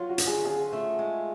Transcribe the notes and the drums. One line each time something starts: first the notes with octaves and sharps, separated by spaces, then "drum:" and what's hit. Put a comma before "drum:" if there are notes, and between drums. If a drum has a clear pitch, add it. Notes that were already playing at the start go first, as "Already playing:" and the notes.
Already playing: F#3 F4
F#4
D3, drum: hi-hat
G#4
C#4 G#4
A3
G#3